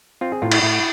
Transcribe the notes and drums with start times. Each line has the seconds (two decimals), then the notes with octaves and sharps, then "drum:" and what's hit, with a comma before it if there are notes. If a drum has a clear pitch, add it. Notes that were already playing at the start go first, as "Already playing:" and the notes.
0.21 C4 F4
0.32 G#4
0.42 A2 F4
0.52 E4, drum: cymbal
0.62 A2 E4